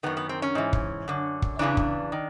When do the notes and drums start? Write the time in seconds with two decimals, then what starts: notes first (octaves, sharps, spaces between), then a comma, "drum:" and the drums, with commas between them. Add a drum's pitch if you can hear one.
0.03 F#2 D#3 B3
0.17 B3
0.29 C4
0.42 C#4
0.55 G#2 E3
0.73 drum: kick
1.08 F#2 D3
1.42 drum: kick
1.59 E2 C#3 E3 D4
1.77 drum: kick
2.12 D#3